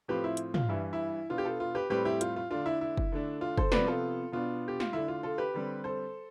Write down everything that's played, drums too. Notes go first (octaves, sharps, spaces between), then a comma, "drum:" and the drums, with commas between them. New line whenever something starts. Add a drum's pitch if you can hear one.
A2 F3 C4 G4 B4
E4
drum: hi-hat
F4, drum: tom
G2 E3 G3 E4
E4
B2 B3 D4 F4
G4
F4 A4
F4
G4 B4
A2 G3 C4 G4 B4
E4 G4
F4, drum: hi-hat
F4
D3 A3 D4 F4
E4
E4
drum: kick
D3 A3 D4
F4
A4 C5, drum: kick
C3 F3 B3 B4 D5, drum: snare
F4 A4
B2 B3 D4 F4
G4
F4, drum: snare
D3 A3 D4 E4
F4
F4 A4
G4 B4
D3 G3 C4
A4 C5